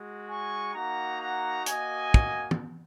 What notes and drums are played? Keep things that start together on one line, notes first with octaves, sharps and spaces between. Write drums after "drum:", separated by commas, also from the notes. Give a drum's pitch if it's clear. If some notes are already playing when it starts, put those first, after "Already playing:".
Already playing: G#3 F#4
G#5 C#6
A#3 D#4 F#4 F#5 A#5
F#5 A#5
A#3 F#4 D#5 G#5, drum: hi-hat
drum: kick
drum: tom